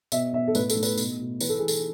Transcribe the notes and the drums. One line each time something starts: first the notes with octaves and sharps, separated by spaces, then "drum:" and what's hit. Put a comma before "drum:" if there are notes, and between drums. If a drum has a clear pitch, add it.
B2 E5, drum: tambourine
B2 E5
A4
A2 B4, drum: tambourine
A4, drum: tambourine
A2
B4, drum: tambourine
B2, drum: tambourine
B2
E3 B4, drum: tambourine
A4
E3 G#4
A4, drum: tambourine